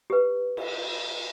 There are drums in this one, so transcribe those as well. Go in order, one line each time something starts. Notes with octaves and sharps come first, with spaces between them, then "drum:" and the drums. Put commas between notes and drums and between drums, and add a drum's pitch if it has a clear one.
G4 B4
drum: cymbal